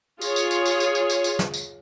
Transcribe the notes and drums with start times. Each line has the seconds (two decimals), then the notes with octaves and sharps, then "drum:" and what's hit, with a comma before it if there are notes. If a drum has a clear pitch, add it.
0.21 F4 G#4 C#5, drum: tambourine
0.36 drum: tambourine
0.51 drum: tambourine
0.66 drum: tambourine
0.80 drum: tambourine
0.95 drum: tambourine
1.10 drum: tambourine
1.24 drum: tambourine
1.39 drum: snare
1.54 drum: tambourine